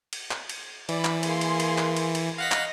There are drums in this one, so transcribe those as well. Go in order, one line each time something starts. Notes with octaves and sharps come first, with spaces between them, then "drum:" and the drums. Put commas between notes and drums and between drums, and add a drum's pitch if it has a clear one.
drum: cymbal
drum: clap
drum: cymbal
E3 D5 B5, drum: cymbal
drum: clap
A#3 G#4 C6, drum: cymbal
drum: cymbal
drum: cymbal
drum: clap
drum: cymbal
drum: cymbal
D#5 F5 F#5 A#6 B6
drum: clap